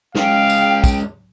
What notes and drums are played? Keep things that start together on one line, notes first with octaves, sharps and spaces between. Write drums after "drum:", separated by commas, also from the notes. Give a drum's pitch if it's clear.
G#3 C#4 F5 G5, drum: snare
drum: tambourine
drum: kick, tambourine